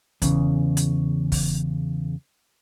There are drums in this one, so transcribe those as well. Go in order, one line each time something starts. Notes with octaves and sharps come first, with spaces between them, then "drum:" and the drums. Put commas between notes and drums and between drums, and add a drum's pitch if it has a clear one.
E2 C#3, drum: kick, hi-hat
drum: hi-hat
drum: kick, open hi-hat